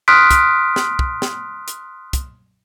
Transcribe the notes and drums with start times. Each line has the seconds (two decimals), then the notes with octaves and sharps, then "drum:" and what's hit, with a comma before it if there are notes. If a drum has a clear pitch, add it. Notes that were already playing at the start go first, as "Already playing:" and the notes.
0.08 C6 D#6 F6 F#6 B6 D7
0.31 drum: kick, hi-hat
0.76 drum: snare
0.99 drum: kick
1.22 drum: snare
1.68 drum: hi-hat
2.13 drum: kick, hi-hat